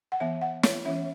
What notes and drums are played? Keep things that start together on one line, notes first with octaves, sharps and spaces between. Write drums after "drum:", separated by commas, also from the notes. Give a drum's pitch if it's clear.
F#5
E3 B3 E5
F#5
C#5, drum: snare
E3 C#4 E5